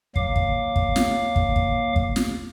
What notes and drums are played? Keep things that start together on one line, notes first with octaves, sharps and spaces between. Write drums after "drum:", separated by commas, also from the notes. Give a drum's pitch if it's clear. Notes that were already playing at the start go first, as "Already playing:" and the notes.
D#2 F#3 A#3 F5 D6, drum: kick
drum: kick
drum: kick
drum: snare
drum: kick
drum: kick
drum: kick
drum: snare